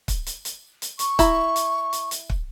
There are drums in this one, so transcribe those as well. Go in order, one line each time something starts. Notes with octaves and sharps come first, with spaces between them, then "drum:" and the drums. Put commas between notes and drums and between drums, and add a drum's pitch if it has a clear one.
drum: kick, hi-hat
drum: hi-hat
drum: hi-hat
drum: hi-hat
C#6, drum: hi-hat
E4 A#5, drum: kick, hi-hat
drum: hi-hat
drum: hi-hat
drum: hi-hat
drum: kick